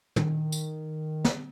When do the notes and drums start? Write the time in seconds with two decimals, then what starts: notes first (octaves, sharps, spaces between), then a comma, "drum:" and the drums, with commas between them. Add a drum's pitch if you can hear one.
0.16 D#3, drum: tom
0.52 drum: tambourine
1.25 drum: snare